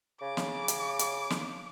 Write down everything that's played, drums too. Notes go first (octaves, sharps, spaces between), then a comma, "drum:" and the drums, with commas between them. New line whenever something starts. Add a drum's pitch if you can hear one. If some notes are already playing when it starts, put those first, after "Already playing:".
C#3 D6
drum: snare
drum: hi-hat
drum: hi-hat
drum: snare